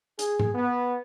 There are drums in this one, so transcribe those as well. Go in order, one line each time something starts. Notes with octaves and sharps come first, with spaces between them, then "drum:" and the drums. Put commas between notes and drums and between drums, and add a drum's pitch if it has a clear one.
G#4, drum: hi-hat
drum: tom G#2
B3